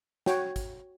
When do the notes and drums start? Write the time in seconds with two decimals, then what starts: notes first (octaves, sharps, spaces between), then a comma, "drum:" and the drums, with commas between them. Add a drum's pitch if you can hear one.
0.26 F#4 C#5 G5, drum: snare
0.56 drum: kick, hi-hat